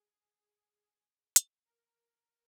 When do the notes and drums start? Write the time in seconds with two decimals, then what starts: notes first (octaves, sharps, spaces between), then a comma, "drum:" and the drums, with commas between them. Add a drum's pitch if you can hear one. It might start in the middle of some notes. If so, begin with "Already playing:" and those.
Already playing: G#4
1.36 drum: hi-hat
1.65 A#4